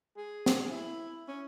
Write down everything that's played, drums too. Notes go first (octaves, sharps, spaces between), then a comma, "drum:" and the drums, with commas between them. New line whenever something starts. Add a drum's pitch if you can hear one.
G#4
drum: snare
E4
C#4